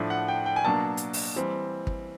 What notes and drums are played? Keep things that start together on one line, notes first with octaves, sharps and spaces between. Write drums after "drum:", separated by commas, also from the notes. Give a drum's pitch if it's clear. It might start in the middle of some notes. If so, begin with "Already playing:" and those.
Already playing: A2 F3 A3 D4
F#5
G5
G5
G#5
B2 F#3 A#3 D4 A5
drum: hi-hat
drum: open hi-hat
E3 G3 C4
drum: kick